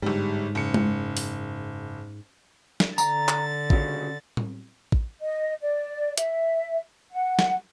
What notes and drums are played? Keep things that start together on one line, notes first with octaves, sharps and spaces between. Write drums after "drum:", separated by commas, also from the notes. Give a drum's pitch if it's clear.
G1 G#2 G3
F#1 C#7
drum: tom G#3
drum: open hi-hat
drum: snare
D3 A#5 A6, drum: tambourine
drum: clap
B1 C#3, drum: kick A1
drum: tom A2
drum: kick A1
D#5
D5
E5, drum: hi-hat
F#5
drum: snare